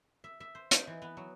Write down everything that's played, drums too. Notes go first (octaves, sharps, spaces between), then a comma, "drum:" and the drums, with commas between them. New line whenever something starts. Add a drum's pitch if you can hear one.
E5
E5
C5
D#4, drum: hi-hat
E3
B3
F#3